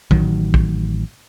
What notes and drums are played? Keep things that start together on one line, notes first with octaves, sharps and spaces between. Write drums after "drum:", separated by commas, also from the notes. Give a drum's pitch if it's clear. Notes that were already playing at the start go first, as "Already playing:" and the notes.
A1 D#3 F#3, drum: kick
drum: kick